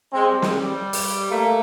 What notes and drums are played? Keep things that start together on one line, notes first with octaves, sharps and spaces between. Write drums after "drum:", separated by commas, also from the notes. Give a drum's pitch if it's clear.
G#3 C4
G3
drum: snare
G3
drum: open hi-hat
A3 A#3